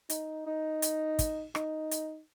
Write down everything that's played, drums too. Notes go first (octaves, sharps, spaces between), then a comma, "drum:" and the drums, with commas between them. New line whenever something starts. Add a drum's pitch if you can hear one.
D#4, drum: hi-hat
D#4
drum: hi-hat
drum: kick, hi-hat
D#4, drum: rim click
drum: hi-hat